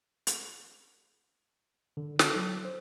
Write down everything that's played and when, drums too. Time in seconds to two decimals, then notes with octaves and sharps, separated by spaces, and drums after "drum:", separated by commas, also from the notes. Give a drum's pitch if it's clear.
0.27 drum: hi-hat
1.97 D3
2.19 A4, drum: snare
2.36 F#3
2.65 C5